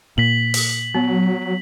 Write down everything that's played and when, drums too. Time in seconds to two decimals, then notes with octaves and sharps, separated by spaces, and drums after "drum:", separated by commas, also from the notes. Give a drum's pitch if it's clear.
0.18 A#2 B6 F#7
0.54 drum: open hi-hat
0.94 F#3 B3